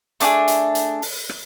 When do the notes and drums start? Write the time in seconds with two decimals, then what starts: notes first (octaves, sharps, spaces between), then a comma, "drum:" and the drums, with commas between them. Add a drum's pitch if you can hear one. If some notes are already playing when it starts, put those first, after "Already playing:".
0.20 A3 D4 F#4 G#4, drum: hi-hat
0.48 drum: hi-hat
0.75 drum: hi-hat
1.02 drum: open hi-hat
1.29 drum: rim click